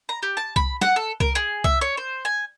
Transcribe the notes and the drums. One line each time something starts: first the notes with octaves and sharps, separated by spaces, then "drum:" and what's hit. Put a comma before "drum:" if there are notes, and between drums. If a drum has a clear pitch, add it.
A#5
G4
A5
B5, drum: kick C2
F#5, drum: snare
A4
A#4, drum: kick C2
G#4
E5, drum: kick C2
C#5
C5
G#5